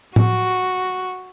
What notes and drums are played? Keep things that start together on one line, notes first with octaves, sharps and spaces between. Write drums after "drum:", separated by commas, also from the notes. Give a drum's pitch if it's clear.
F#4, drum: tom A2